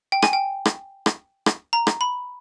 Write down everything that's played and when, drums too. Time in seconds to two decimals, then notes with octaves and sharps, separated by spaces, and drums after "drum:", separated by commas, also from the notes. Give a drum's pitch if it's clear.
0.12 G5
0.23 G#5, drum: rim click
0.33 G5
0.65 drum: rim click
1.06 drum: rim click
1.46 drum: rim click
1.73 A#5
1.87 drum: rim click
2.01 B5